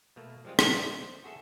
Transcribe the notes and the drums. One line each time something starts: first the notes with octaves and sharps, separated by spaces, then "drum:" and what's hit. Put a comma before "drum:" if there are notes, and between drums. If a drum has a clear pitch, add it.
B2 A3 A#3
F3 G3 G#3 C4 F4
C4 G#4 A4, drum: rim click
G3 A3 A4 C5 D5 D#5
C5
F#4 G#4 A4 E5